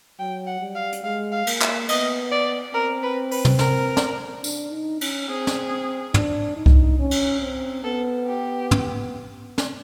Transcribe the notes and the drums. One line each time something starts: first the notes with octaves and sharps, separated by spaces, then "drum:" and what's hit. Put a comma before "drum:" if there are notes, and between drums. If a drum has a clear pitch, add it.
F#3 G5
F#5
G3
F5
drum: hi-hat
G#3 F5
F5
A#3, drum: cymbal
E5, drum: clap
B3 D#5, drum: cymbal
D5
C4 A#4
B4
B4, drum: open hi-hat
drum: tom
A#4, drum: snare
drum: snare
D4, drum: tambourine
D#4
C#4, drum: cymbal
C4 G#4
drum: snare
D4, drum: tom
D#4
drum: kick C2
C#4
drum: cymbal
C4
B3 A4
G4
drum: tom
drum: snare